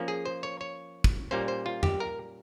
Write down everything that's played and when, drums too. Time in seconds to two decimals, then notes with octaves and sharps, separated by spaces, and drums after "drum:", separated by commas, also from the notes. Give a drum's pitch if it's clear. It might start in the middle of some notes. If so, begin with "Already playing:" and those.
Already playing: F3 A#3 C#4
0.08 G#4
0.25 C5
0.43 C#5
0.61 C#5
1.04 drum: kick
1.31 A#2 G3 A#3 C#4 C5
1.48 C5
1.66 F4
1.83 G4, drum: tom F2
2.00 A#4